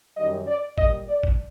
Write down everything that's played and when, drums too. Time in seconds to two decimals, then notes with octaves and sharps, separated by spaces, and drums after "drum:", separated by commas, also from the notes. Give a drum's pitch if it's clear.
0.17 F#2 D#3 G3 D#5
0.47 D5
0.78 A#2 G3 D#5, drum: kick A1
1.08 D5
1.23 drum: kick A1